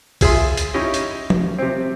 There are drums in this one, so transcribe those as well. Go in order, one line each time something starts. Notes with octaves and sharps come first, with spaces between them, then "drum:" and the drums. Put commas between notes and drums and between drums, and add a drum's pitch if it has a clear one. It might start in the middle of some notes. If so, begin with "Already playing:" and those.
F4 G#4 E5 C6, drum: kick B1, open hi-hat
drum: hi-hat
C#4 D#4 E4 G4 D#5
drum: hi-hat
drum: tom
C3 C4